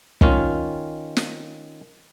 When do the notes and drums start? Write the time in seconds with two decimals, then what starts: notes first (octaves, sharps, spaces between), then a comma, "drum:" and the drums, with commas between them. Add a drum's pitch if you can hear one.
0.21 D#3 C#4 F4, drum: kick
1.17 drum: snare